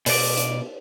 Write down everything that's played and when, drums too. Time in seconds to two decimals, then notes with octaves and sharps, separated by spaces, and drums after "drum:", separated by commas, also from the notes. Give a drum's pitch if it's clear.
0.06 B2 D5, drum: open hi-hat
0.37 drum: hi-hat